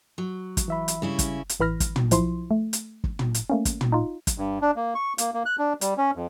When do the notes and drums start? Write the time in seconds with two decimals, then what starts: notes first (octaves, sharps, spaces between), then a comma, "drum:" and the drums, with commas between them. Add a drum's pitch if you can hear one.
0.18 F#3
0.57 drum: kick, hi-hat
0.68 E3 E5 B5
0.88 drum: hi-hat
1.02 C#3 G3 C#4 E4
1.19 drum: kick, hi-hat
1.49 drum: hi-hat
1.60 A1 E3 B5 F6 A#6
1.80 drum: kick, hi-hat
1.96 drum: tom
2.11 B1 F3 E4 C6, drum: hi-hat
2.51 A3
2.73 drum: hi-hat
3.04 drum: kick
3.19 drum: tom
3.34 drum: hi-hat
3.50 A3 A#3 C#4
3.65 drum: kick, hi-hat
3.81 drum: tom
3.92 D#4 F4
4.27 drum: kick, hi-hat
4.38 G2
4.62 D4
4.76 A#3
4.95 C#6
5.18 A#3, drum: hi-hat
5.34 A#3
5.46 F#6
5.58 D4
5.81 G3, drum: hi-hat
5.97 C#4
6.15 F2